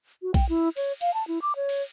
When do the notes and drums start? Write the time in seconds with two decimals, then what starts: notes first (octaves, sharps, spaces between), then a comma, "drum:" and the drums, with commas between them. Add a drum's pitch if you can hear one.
0.22 F#4
0.34 G5, drum: kick A#1, cymbal
0.49 E4
0.76 C#5, drum: cymbal
1.01 F5, drum: cymbal
1.14 A5
1.28 E4
1.42 D6
1.56 C#5
1.69 drum: cymbal